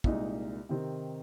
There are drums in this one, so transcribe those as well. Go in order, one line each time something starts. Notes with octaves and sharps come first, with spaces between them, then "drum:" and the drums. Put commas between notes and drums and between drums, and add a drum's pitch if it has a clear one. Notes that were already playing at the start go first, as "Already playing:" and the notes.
C2 A#2 G#3 D#4, drum: kick
C3 D#3 C4 D#4